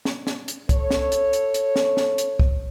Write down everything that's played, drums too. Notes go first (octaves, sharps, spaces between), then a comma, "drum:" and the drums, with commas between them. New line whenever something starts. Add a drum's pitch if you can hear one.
drum: snare
drum: snare
drum: hi-hat
A4 C#5, drum: kick C2, hi-hat
drum: snare
drum: hi-hat
drum: hi-hat
drum: hi-hat
drum: snare
drum: snare
drum: hi-hat
drum: kick C2